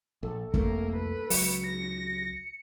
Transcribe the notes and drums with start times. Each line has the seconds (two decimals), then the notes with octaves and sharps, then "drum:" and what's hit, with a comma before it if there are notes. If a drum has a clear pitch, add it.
0.23 A#1 A4
0.54 C2 F2 A3 A#3 A#4, drum: kick G1
0.96 B4
1.30 C#2 F#3 C#7, drum: open hi-hat
1.65 A#6